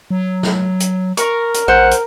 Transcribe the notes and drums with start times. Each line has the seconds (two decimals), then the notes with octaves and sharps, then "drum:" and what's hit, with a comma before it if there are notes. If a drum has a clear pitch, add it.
0.10 F#3
0.43 drum: snare
0.80 drum: hi-hat
1.17 A#4 C#6, drum: hi-hat
1.54 drum: hi-hat
1.68 A#1 C5 F#5
1.91 drum: hi-hat